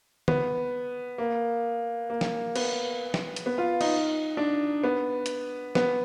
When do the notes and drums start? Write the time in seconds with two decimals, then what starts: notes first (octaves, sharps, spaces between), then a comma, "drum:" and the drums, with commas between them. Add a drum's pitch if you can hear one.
0.28 B3, drum: tom D3
1.18 A#3
2.10 A#3
2.21 drum: snare
2.56 B3, drum: cymbal
3.14 drum: snare
3.36 drum: hi-hat
3.46 B3
3.58 F4
3.81 D#4, drum: cymbal
4.37 D4
4.84 B3
5.26 drum: hi-hat
5.75 B3, drum: snare